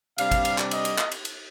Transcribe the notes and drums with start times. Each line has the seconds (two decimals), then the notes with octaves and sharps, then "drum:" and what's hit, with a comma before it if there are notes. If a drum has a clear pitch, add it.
0.18 C3 G3 D4 F5, drum: cymbal
0.32 drum: kick, cymbal
0.45 drum: cymbal
0.58 drum: clap
0.71 D#5, drum: cymbal
0.85 drum: cymbal
0.98 drum: clap
1.12 drum: cymbal
1.25 drum: cymbal